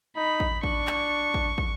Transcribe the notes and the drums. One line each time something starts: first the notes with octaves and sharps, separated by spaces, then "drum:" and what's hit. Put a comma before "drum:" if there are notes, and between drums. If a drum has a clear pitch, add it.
D#4 B5
drum: kick
D4 C#6, drum: kick
drum: clap
drum: kick
drum: kick